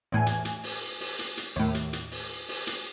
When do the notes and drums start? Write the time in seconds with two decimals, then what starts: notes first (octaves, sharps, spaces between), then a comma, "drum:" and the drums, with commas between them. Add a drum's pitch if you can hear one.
0.12 E2 A2 G#5
0.26 drum: hi-hat
0.45 drum: hi-hat
0.63 drum: open hi-hat
1.00 drum: open hi-hat
1.19 drum: hi-hat
1.37 drum: hi-hat
1.56 D#2 A2
1.74 drum: hi-hat
1.93 drum: hi-hat
2.11 drum: open hi-hat
2.48 drum: open hi-hat
2.67 drum: hi-hat